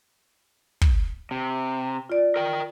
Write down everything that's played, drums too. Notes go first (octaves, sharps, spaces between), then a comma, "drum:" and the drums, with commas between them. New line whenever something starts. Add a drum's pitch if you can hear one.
drum: kick
C3
F4 D5
A#4 G5